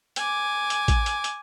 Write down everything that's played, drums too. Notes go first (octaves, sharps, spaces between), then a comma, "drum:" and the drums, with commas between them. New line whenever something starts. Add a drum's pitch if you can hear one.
G#5 D6, drum: hi-hat
drum: hi-hat
drum: kick A1, hi-hat
drum: hi-hat
drum: hi-hat